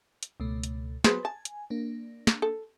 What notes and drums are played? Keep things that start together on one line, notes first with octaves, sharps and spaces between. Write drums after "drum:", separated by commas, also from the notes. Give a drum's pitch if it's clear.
drum: hi-hat
C#2 B2 A3
drum: hi-hat
F#3 B3 F#4 G#4 B4 C5, drum: snare
G#5 A5
drum: hi-hat
A#3 D4
drum: snare
A4